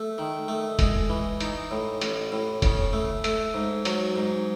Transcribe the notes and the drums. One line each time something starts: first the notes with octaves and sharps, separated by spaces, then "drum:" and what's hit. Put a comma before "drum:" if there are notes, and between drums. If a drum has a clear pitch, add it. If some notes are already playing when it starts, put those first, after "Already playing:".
Already playing: A3
D#3
A3
G#3, drum: kick E1, hi-hat
E3
D#4, drum: hi-hat
A2
A1, drum: hi-hat
A2
C#3, drum: kick E1, hi-hat
A3
A3, drum: hi-hat
G#2
F#3, drum: hi-hat
G#2